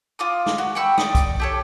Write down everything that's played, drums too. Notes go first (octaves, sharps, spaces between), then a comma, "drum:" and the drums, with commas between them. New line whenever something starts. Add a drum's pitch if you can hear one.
F4 D6 D#6
drum: snare
F#4
G5 B5 C#6 E6
D5 D#6, drum: snare
drum: kick, hi-hat
G4 A4 C#5